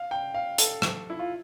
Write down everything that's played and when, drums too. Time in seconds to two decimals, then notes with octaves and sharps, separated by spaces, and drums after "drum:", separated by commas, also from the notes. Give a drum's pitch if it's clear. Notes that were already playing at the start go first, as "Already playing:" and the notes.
Already playing: F5
0.11 G5
0.34 F5
0.58 A4, drum: hi-hat
0.82 drum: rim click
1.10 E4
1.19 F4